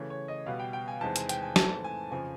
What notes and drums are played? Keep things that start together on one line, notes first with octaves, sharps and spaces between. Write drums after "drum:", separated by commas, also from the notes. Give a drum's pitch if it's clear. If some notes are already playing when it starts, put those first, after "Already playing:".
Already playing: C#3 E3 A3 C#5
C#5
D#5
B2 G3 B3 F5
G5
G5
G#5
E2 C3 D#3 G#3 C4 A5
G#5, drum: hi-hat
G5, drum: hi-hat
G#5
G#2 E3 A3 C4 A5, drum: snare
G#5
F2 C#3 F3 G#5